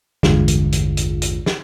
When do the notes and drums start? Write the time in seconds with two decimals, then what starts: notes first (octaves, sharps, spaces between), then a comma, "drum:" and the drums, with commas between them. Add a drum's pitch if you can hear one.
0.23 A1 E2 G2 D3 G#3 F4, drum: snare
0.48 drum: hi-hat
0.72 drum: hi-hat
0.97 drum: hi-hat
1.22 drum: hi-hat
1.46 drum: snare